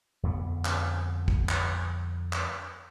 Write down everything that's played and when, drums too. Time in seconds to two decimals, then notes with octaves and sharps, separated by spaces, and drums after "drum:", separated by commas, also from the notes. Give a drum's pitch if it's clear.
0.23 F2 D3 B3
0.65 drum: clap
1.28 drum: kick
1.49 drum: clap
2.33 drum: clap